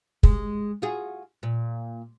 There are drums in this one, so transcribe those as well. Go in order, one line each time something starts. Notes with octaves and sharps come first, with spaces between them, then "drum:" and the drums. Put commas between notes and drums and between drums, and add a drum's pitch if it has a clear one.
G#3, drum: kick
F4 F#4 G#4
A#2